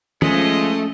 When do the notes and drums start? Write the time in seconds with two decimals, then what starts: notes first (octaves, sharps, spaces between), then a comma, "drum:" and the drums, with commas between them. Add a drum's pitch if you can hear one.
0.22 F3 G#3 A3 C#4 D#5, drum: tom D#3